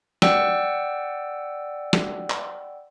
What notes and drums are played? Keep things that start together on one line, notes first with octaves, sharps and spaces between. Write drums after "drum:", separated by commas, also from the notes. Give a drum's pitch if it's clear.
D5 F#5 G5 E6, drum: snare
drum: snare
drum: clap